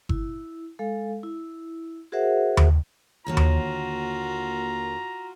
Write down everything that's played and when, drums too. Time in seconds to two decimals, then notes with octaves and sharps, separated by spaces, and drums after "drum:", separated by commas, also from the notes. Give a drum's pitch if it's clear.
0.09 E4, drum: kick G1
0.79 G#3 A4 F5
1.23 E4
2.12 F#4 G#4 A#4 C5 E5 F#5
2.57 drum: tom D#2
3.26 D#2 D3 A#3 F4 F#4 A#5
3.37 drum: tom D#2